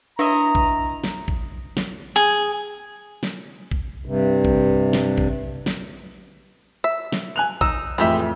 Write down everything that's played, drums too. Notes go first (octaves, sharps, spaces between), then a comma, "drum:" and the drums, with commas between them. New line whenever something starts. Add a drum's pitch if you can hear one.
D4 E4 C#5 D#5 A#5
drum: kick A1
drum: snare
drum: kick A1
drum: snare
G#4
drum: snare
drum: kick A1
G2 C3
drum: kick A1
drum: snare
drum: kick A1
drum: snare
E5
drum: snare
G#5 F#6 F7
D#4 E6, drum: kick A1
F2 A2 E3 G#3 G4 E5